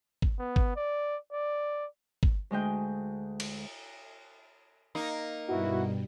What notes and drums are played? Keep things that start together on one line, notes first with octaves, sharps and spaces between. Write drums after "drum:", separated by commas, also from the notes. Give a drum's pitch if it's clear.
drum: kick
B3
drum: kick
D5
D5
drum: kick
D2 G#3 D#5 G5
drum: cymbal
A#3 D#4
G2 B2 G3 B3 E4 F#4